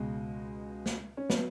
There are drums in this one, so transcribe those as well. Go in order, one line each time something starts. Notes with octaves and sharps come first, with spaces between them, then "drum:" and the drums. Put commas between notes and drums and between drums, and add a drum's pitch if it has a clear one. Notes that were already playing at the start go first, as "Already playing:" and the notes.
Already playing: C#2 B2 G#3
drum: snare
C#4
F#3 B3, drum: snare